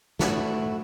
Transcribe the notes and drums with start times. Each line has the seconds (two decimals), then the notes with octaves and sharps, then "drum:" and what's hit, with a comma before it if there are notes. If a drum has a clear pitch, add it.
0.19 A3 E4 F#4, drum: snare